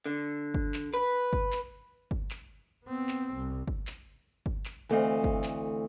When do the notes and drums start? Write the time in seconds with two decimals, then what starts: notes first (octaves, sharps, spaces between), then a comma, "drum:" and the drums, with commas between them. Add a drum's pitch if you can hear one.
0.06 D3
0.54 drum: kick G1
0.74 drum: clap
0.94 B4
1.33 drum: kick G1
1.52 drum: clap
2.11 drum: kick G1
2.31 drum: clap
2.85 B3 C4
3.09 drum: clap
3.35 C2
3.68 drum: kick G1
3.87 drum: clap
4.46 drum: kick G1
4.65 drum: clap
4.89 D2 E3 A3 C4 D#5 F5
5.24 drum: kick G1
5.44 drum: clap